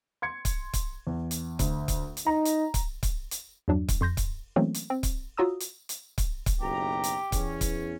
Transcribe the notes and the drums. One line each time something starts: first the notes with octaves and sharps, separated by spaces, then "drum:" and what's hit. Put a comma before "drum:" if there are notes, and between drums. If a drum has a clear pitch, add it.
C6 G#6 C#7
drum: kick C#1, hi-hat
drum: kick C#1, hi-hat
E2
drum: hi-hat
D2, drum: kick C#1, hi-hat
drum: kick C#1, hi-hat
drum: hi-hat
D#4 A#5
drum: hi-hat
drum: kick C#1, hi-hat
drum: kick C#1, hi-hat
drum: hi-hat
E2 G2 F#3 D4
drum: kick C#1, hi-hat
F2 C6 G6 A#6
drum: kick C#1, hi-hat
E3 F#3 A3 A#3 C4 C#4
drum: hi-hat
C4
drum: kick C#1, hi-hat
F4 F#4 C#5 A#5 D#6 E6
drum: hi-hat
drum: hi-hat
drum: kick C#1, hi-hat
drum: kick C#1, hi-hat
F#1 B1 G4 A#5
drum: hi-hat
E2 C#4, drum: kick C#1, hi-hat
drum: kick C#1, hi-hat